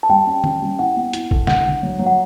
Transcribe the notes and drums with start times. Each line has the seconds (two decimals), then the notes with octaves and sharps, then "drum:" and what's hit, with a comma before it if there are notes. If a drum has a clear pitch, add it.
0.03 A5
0.09 G3 G5
0.26 C#4
0.44 C#4, drum: tom
0.62 G3
0.79 E4 F#5
0.96 B3
1.13 E4, drum: hi-hat
1.31 A4, drum: kick A1
1.47 D3 F#5, drum: snare
1.65 D3
1.83 F#3
1.99 F#3
2.06 F#5